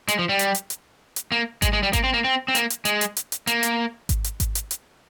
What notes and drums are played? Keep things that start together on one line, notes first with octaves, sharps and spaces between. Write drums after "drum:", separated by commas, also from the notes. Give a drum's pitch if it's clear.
G#3, drum: hi-hat
F3
G3
drum: hi-hat
drum: hi-hat
drum: hi-hat
drum: hi-hat
A#3
G#3, drum: kick G#1, hi-hat
G#3
G3
A#3, drum: kick G#1, hi-hat
C4
A#3
C4
C4
A#3, drum: hi-hat
drum: hi-hat
G#3, drum: hi-hat
drum: hi-hat
drum: hi-hat
drum: hi-hat
A#3, drum: hi-hat
drum: hi-hat
drum: kick G#1, hi-hat
drum: hi-hat
drum: kick G#1, hi-hat
drum: hi-hat
drum: hi-hat